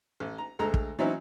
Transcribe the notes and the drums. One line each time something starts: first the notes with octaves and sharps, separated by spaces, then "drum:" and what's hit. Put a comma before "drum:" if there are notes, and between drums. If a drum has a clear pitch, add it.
A1
A#5
D2 G#3 A4 A#5
drum: kick
E3 F#3 C4 C#4 D#4 E4